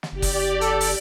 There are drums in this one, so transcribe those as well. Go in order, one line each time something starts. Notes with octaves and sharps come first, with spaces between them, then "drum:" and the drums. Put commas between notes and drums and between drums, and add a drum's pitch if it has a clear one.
drum: snare
F#1 G4 D5
drum: kick, open hi-hat
A4, drum: hi-hat
drum: open hi-hat